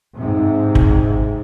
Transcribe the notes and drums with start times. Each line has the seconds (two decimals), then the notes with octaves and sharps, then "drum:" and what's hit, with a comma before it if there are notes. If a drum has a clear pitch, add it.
0.14 G#2 C3
0.75 drum: kick